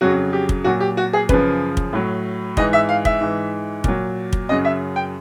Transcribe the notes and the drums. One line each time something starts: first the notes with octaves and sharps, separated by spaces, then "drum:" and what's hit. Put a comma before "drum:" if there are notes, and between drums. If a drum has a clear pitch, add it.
F2 C#3 F#3 F#4
G4
drum: kick
A#2 F#3 F#4
G4
F#4
G#4
F#2 C#3 F3 B4, drum: kick
drum: kick
A2 F#3
G#2 E3 D#5, drum: kick
E5
F5
E5, drum: kick
G#2 E3
A#2 F#3, drum: kick
drum: kick
F#2 C#3 F#3 D#5
E5
G5